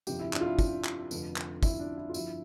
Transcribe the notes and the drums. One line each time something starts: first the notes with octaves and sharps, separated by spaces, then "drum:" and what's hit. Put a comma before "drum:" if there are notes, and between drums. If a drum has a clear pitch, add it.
G1 F2 C3 F3 G4, drum: tambourine
E4
D4, drum: clap
F4
E4
F4, drum: kick, tambourine
drum: clap
F1 F2 D3, drum: tambourine
drum: clap
E4, drum: kick, tambourine
D4
E4
F4
G1 G2 F3 E4, drum: tambourine